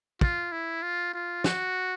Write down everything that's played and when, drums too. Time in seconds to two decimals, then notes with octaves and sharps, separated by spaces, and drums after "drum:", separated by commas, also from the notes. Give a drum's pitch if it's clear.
0.21 F4, drum: kick
0.52 E4
0.82 F4
1.13 F4
1.44 F#4, drum: snare